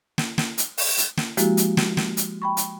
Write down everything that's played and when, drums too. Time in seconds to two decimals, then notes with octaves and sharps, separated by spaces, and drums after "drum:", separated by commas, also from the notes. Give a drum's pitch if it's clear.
0.18 drum: snare
0.38 drum: snare
0.58 drum: hi-hat
0.78 drum: open hi-hat
0.97 drum: hi-hat
1.17 drum: snare
1.37 F3 G#3 A#3 E4 F#4 G4, drum: hi-hat
1.57 drum: hi-hat
1.77 drum: snare
1.97 drum: snare
2.17 drum: hi-hat
2.42 G5 B5 C#6
2.57 drum: hi-hat